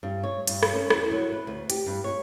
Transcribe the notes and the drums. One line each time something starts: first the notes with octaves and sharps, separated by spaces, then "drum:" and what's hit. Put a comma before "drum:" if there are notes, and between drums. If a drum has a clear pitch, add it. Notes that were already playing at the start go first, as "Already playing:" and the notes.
G2
C#5
G2, drum: hi-hat
drum: rim click
C#4
E2, drum: rim click
F#3
B4
D2
G4, drum: hi-hat
G2
C#5